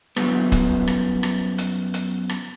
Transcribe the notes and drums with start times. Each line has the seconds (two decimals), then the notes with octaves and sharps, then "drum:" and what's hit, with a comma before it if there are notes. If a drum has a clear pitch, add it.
0.16 F#2 G3 B3, drum: rim click
0.52 drum: kick, hi-hat
0.87 drum: rim click
1.23 drum: rim click
1.58 drum: hi-hat
1.94 drum: hi-hat
2.29 drum: rim click